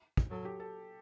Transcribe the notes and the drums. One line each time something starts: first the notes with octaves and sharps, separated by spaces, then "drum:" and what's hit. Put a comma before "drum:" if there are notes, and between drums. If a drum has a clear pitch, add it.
drum: kick
F#3 A4
G4
A4